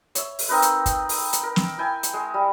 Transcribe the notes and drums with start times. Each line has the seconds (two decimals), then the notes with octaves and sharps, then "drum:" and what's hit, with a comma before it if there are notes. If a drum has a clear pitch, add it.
0.15 C#5 E5, drum: hi-hat
0.39 drum: open hi-hat
0.49 C4 D#4 A#4 B4
0.62 drum: hi-hat
0.86 drum: kick, hi-hat
1.09 drum: open hi-hat
1.33 drum: hi-hat
1.43 A#4
1.56 drum: snare
1.78 E4 G5 G#5
2.03 drum: hi-hat
2.14 G#3
2.34 G3